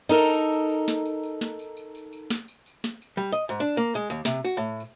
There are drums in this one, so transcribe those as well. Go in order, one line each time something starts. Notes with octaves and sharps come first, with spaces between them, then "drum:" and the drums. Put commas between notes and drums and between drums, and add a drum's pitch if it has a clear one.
D#4 A4 A#4
drum: tambourine
drum: tambourine
drum: tambourine
drum: snare
drum: tambourine
drum: tambourine
drum: snare
drum: tambourine
drum: tambourine
drum: tambourine
drum: tambourine
drum: snare
drum: tambourine
drum: tambourine
drum: snare
drum: tambourine
G3, drum: tambourine
D#5
G#2
D4
A#3
G#3
D#2, drum: tambourine
C3, drum: snare
F#4, drum: tambourine
A2
drum: tambourine